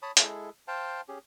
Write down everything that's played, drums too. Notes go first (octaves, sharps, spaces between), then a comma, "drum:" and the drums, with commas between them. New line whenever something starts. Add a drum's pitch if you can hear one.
C#5 A5 B5 D#6
G#3 E4 G#4 A4, drum: hi-hat
C5 F5 G5 A5
C#4 G4 G#4